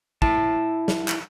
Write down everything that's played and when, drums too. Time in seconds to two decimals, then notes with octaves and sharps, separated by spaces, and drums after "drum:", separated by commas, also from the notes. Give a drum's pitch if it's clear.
0.22 E4 A5, drum: kick
0.88 drum: snare
1.08 drum: clap